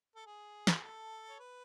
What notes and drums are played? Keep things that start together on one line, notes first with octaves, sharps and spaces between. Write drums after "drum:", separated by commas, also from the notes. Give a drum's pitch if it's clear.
A4
G#4
drum: snare
A4
C#5
B4